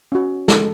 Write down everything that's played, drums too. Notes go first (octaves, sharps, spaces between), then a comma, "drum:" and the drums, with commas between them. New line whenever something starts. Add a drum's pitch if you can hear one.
C#4 F#4
G#3 A4, drum: snare